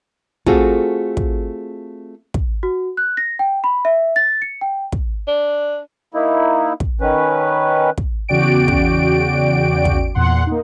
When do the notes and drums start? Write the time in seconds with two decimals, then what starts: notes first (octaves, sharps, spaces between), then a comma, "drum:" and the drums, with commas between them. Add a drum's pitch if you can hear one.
0.46 A3 C4 F4 F#4 G#4 A4, drum: kick
1.17 drum: kick
2.34 drum: kick
2.63 F#4
2.97 F#6
3.17 A#6
3.39 G5
3.64 B5
3.85 E5
4.16 A6
4.42 C#7
4.61 G5
4.92 drum: kick
5.28 D4
6.14 A#3 D#4 E4
6.80 drum: kick
7.01 D#3 C#4 B4
7.98 drum: kick
8.29 E2 C#3 F#4 D5 G5 D7
8.68 drum: kick
9.85 drum: kick
10.15 E2 A#2 F#5 C6
10.47 A#3 D#4